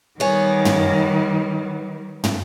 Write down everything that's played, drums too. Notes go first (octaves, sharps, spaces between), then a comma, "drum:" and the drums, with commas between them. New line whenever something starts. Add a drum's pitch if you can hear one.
D#3 G3 B3 C#5 G#5
drum: tom
drum: tom